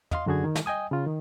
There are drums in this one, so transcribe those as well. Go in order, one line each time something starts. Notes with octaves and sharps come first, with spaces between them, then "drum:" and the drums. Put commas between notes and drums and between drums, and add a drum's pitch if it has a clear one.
D#5 F5 C6, drum: tom
F#2 D3 F#4 G#4 G#6
D#3
drum: snare
D#5 G5 G#5 D#6
C#3 F4
D#3